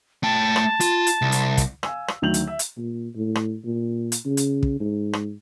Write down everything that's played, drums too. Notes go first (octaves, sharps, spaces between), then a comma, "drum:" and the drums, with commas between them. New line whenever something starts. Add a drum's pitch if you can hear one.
A3 G5 A5
drum: rim click
F4, drum: hi-hat
drum: hi-hat
C2
drum: hi-hat
drum: kick, hi-hat
F5 G#5 E6, drum: rim click
drum: rim click
D2 D#3 F#3 G6 F7 F#7
drum: hi-hat
E5
drum: hi-hat
A#2
A2
drum: rim click
A#2
drum: hi-hat
C#3
drum: hi-hat
drum: kick
G#2
drum: rim click